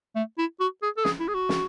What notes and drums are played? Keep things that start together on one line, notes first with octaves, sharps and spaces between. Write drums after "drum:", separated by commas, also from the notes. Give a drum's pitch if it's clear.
A3
E4
F#4
G#4
A4
G#4, drum: snare
E4
G#4
F#4
drum: snare